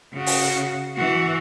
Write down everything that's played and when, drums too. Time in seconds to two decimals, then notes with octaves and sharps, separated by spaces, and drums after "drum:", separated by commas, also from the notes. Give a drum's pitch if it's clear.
0.13 C#3 F#4
0.26 drum: open hi-hat
0.96 E3 F#4